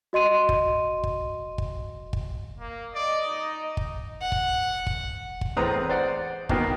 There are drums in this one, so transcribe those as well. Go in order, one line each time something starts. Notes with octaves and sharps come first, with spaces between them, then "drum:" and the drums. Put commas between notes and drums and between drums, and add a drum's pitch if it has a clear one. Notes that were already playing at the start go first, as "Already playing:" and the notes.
F#4 D#5 C6 D#7
drum: kick
drum: kick
drum: kick
drum: kick
A#3
D5 D#5
D#4
drum: kick
F#5
drum: kick
drum: kick
drum: kick
E2 A2 C4 B4 A#5 D#6
C5 D5 F#5
B2 D#3 A#3 B3, drum: kick